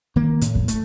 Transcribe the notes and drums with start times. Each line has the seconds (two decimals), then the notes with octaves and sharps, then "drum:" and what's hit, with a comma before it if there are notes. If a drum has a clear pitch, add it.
0.16 D#3 A#3
0.41 A2, drum: hi-hat
0.55 drum: kick E2
0.68 A3, drum: hi-hat